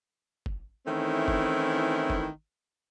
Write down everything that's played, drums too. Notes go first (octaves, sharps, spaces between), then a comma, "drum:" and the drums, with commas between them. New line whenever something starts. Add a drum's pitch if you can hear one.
drum: kick
D#3 E3 A3 C4 C#4 E4
drum: kick
drum: kick